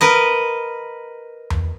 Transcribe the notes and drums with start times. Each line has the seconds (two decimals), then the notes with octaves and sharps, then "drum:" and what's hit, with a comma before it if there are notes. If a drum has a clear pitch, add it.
0.01 A#4 B4 D#5
1.50 drum: tom E2